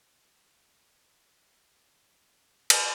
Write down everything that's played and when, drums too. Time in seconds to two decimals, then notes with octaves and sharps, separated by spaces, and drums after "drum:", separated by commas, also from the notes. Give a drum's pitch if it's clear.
0.11 F5
1.57 D4 E4 F4 B4
2.70 drum: cymbal